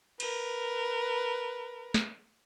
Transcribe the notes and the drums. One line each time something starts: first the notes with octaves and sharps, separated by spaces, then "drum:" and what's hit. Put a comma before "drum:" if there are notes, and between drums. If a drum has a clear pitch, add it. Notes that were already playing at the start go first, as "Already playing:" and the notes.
A#4 B4, drum: cymbal
drum: snare